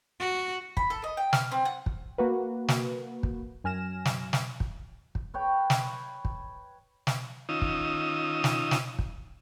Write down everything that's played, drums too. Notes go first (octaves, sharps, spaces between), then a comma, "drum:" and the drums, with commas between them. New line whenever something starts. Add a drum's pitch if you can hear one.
F#4
B5, drum: kick
A4
D#5
G5
F6, drum: snare
C4
F#5
drum: kick
A#3 F#4 B4
drum: snare
drum: kick
F#2 G#5 F6 A#6 E7
drum: snare
drum: snare
drum: kick
drum: kick
B4 C#5 G5
drum: snare
drum: kick
drum: snare
D#3 C#4 D#4 F4 D#6 E6
drum: kick
drum: snare
drum: snare
drum: kick